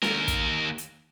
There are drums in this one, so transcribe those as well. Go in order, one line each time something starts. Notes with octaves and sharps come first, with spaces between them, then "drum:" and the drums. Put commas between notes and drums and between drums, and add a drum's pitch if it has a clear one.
D#2 A#4, drum: snare
drum: kick, hi-hat
drum: hi-hat